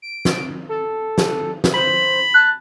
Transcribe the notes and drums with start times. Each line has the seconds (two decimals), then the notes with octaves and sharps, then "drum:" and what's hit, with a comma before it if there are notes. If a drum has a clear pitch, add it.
0.02 D7
0.25 drum: snare
0.69 A4
1.18 drum: snare
1.64 drum: snare
1.74 C5 B5
2.34 A5 F#6